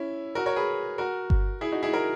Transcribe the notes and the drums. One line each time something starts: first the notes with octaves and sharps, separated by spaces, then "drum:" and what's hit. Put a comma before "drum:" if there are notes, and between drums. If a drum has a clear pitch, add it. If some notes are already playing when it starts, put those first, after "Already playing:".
Already playing: C#4 E4
F#4 A#4
A#4 C#5
G#4 B4
F#4 A#4
drum: kick G1
E4 G#4
D#4 F#4
E4 G#4
F#4 A#4